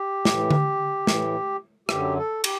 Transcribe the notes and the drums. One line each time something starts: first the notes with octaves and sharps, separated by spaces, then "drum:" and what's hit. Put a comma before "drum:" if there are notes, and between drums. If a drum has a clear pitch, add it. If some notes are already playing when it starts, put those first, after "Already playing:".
Already playing: G4
A2 E3, drum: snare
drum: tom D3
A2 E3, drum: snare
F#2 D3 F#3 G4, drum: rim click
A4
G4, drum: cymbal